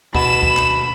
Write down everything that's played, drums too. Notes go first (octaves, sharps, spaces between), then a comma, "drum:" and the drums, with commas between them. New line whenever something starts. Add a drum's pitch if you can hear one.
B2 B5 E7, drum: kick
drum: kick
drum: clap